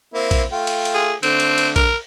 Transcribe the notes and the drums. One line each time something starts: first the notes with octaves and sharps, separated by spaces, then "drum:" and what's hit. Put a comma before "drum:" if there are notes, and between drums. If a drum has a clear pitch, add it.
A#3 C4 E4
drum: kick A#1, cymbal
A3 F4 G5
drum: cymbal
drum: cymbal
G#4
D3 A3 C4, drum: cymbal
drum: cymbal
drum: cymbal
A#4, drum: kick A#1, cymbal